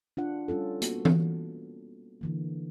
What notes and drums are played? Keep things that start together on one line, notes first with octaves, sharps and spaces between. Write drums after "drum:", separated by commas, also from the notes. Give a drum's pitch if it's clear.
D4 F4 F#5
G3 C#4 F4 A4
A#3 B3 F#4, drum: hi-hat
drum: tom E3
D3 E3 A#3